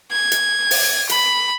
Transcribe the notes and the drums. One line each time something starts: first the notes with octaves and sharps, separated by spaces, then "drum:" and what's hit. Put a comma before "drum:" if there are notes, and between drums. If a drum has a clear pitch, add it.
G#6
drum: hi-hat
drum: open hi-hat
B5, drum: hi-hat